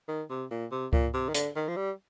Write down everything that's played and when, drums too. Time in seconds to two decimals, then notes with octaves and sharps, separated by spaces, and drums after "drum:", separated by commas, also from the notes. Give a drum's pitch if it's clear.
0.08 D#3
0.30 C3
0.51 A#2
0.72 C3
0.93 A#2, drum: kick C#2
1.14 C3
1.29 D#3
1.35 D3, drum: hi-hat
1.56 D#3
1.69 F3
1.77 G3